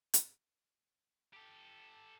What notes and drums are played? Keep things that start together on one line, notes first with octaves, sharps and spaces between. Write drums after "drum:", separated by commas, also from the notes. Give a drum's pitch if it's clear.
drum: hi-hat
G4 A4